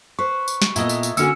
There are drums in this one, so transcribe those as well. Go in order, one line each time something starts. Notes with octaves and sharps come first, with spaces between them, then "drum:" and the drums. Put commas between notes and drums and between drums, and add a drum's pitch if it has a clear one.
B4 C5 C#6
drum: tambourine
drum: snare
A#2 B3 E4 A4 D#5, drum: tambourine
drum: tambourine
drum: tambourine
D3 A#3 C#4 D4 F#4 E6 C#7, drum: tambourine